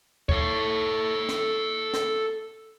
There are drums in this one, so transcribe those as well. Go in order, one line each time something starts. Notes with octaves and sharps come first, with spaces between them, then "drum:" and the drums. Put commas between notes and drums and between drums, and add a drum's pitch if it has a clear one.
A4 C#5, drum: kick D2
drum: snare
drum: snare